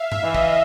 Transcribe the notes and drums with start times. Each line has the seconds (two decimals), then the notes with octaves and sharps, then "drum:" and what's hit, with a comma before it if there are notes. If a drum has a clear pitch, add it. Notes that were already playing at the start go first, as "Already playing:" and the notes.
Already playing: E5 F5
0.12 E5, drum: tom G2
0.23 E3
0.35 D#5, drum: kick